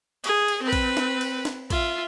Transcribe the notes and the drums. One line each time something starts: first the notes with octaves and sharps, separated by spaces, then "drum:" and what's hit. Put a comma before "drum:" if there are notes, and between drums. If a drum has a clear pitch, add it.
G#4, drum: cymbal
drum: cymbal
C4 B4
drum: kick A#1, cymbal
drum: snare
drum: cymbal
drum: snare
F4 E5, drum: kick A#1, cymbal